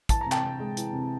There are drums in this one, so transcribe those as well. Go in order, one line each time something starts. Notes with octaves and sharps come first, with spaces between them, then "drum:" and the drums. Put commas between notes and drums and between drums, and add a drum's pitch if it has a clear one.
E3 A5, drum: kick, hi-hat
A#5
C3
G5 A5, drum: clap
C3
G#3
E3, drum: hi-hat
C3